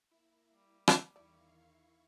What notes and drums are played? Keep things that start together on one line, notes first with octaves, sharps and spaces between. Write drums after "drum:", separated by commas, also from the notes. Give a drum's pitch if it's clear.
A#3 E4
G3
drum: rim click
E2 D#3 E4 D5 F5 C#6